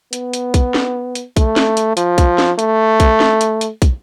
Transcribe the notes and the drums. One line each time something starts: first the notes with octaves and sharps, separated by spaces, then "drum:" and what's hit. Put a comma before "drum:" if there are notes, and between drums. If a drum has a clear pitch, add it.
B3, drum: hi-hat
drum: hi-hat
drum: kick, hi-hat
drum: snare
drum: hi-hat
A3, drum: kick, hi-hat
drum: snare
drum: hi-hat
F3, drum: hi-hat
drum: kick, hi-hat
drum: snare
A3, drum: hi-hat
drum: kick, hi-hat
drum: snare
drum: hi-hat
drum: hi-hat
drum: kick, hi-hat